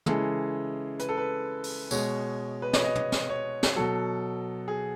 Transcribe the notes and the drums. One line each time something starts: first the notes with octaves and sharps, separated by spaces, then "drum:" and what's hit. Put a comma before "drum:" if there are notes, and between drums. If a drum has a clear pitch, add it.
C#3 E3 G#3 A4, drum: tom
B4, drum: hi-hat
A4
B4
drum: open hi-hat
B2 G#3 C#5, drum: tambourine
B4
C#5, drum: snare
D#5
drum: tom
drum: snare
C#5
drum: snare
B2 F#3 A4
G#4